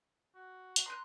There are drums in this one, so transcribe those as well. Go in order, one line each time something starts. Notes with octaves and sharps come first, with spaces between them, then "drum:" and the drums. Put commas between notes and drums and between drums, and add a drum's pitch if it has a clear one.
F#4
drum: hi-hat
A#5 C6 F#6